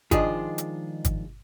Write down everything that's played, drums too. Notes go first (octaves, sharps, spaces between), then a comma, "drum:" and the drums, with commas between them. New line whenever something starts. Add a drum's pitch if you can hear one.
D#3 F3 G#3 D4 F4 G#4, drum: kick, hi-hat
drum: hi-hat
drum: kick, hi-hat